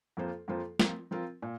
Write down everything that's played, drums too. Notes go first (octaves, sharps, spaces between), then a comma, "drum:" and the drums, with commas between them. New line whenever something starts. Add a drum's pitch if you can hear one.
F2 F3 A#3 F4 C5
F2 F3 A#3 F4 C5
F3 C4 F4 A#4, drum: snare
F3 C4 F4 A#4
A#2